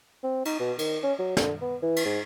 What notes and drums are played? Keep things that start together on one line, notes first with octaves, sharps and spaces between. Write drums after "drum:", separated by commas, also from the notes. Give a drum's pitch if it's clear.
C4
D#4, drum: cymbal
B2
D#3, drum: cymbal
C#4
F#3
D3, drum: snare
B3
E3
drum: cymbal
G#2